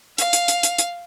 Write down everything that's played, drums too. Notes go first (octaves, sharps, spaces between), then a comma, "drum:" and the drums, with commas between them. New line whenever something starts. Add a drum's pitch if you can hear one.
F5, drum: hi-hat
drum: hi-hat
drum: hi-hat
drum: hi-hat
drum: hi-hat